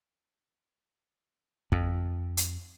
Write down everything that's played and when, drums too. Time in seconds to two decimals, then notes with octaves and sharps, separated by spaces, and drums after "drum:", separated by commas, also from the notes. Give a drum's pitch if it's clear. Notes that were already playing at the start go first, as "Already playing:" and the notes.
1.72 F2, drum: kick
2.37 drum: hi-hat